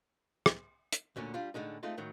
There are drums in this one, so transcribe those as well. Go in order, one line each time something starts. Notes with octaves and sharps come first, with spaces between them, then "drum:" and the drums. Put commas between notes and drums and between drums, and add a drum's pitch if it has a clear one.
drum: rim click
drum: hi-hat
D2 A#2 D3 C#4
G3 D4 F4
A2 D3 G#3 D#4
G#3 A3 C4 D#4 F4 A4
A2 D#3 F#3